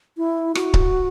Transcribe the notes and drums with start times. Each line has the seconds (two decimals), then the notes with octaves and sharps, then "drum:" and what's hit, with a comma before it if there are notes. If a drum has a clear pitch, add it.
0.18 E4
0.55 F#4, drum: rim click
0.74 drum: kick C#1